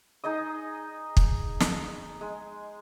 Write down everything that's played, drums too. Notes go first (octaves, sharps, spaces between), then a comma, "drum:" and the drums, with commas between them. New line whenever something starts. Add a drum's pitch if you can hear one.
D#4 G#4 D#5 D#6
drum: kick
drum: snare
G#3